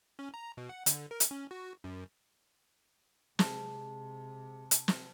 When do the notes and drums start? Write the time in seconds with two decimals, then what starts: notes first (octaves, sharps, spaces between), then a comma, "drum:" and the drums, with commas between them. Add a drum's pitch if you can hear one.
0.19 C#4
0.34 A#5
0.57 B2
0.69 F#5
0.86 D3, drum: hi-hat
1.11 A#4
1.20 drum: hi-hat
1.31 C#4
1.51 F#4
1.84 F#2
3.39 C3 G#3 A5, drum: snare
4.71 drum: hi-hat
4.88 drum: snare